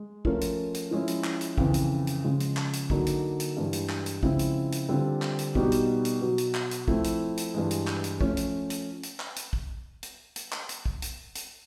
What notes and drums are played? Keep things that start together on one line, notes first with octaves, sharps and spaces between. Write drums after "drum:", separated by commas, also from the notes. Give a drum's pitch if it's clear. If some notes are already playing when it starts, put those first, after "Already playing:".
Already playing: G#3
F3 A3 C#4 F4 A#4, drum: kick
drum: hi-hat
drum: hi-hat
F3 G#3 C#4 E4
drum: hi-hat
drum: clap
drum: hi-hat
F2 C#3 E3, drum: kick
drum: hi-hat
drum: hi-hat
C#3 F3 G#3
drum: hi-hat
drum: clap
drum: hi-hat
D3 F#3 A#3 D#4, drum: kick
drum: hi-hat
drum: hi-hat
G2 E3 G#3
drum: hi-hat
drum: clap
drum: hi-hat
C#3 F3 G#3 C4 E4, drum: kick
drum: hi-hat
drum: hi-hat
D3 G3 C4 F4
drum: clap
drum: hi-hat
B2 G3 B3 D#4 G4, drum: kick
drum: hi-hat
drum: hi-hat
B2 F#3 B3
drum: hi-hat
drum: clap
drum: hi-hat
F3 A3 C4 E4, drum: kick
drum: hi-hat
drum: hi-hat
G2 E3 G#3
drum: hi-hat
drum: clap
drum: hi-hat
F3 A3 C#4, drum: kick
drum: hi-hat
drum: hi-hat
drum: hi-hat
drum: clap
drum: hi-hat
drum: kick
drum: hi-hat
drum: hi-hat
drum: clap
drum: hi-hat
drum: kick
drum: hi-hat
drum: hi-hat